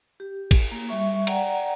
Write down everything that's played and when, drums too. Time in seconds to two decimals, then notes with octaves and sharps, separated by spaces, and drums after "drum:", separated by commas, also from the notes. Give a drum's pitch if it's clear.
0.20 G4
0.51 drum: kick A1, cymbal
0.72 A#3
0.88 G3 E5 C#6
1.27 D5 F#5 G5 A#5, drum: cymbal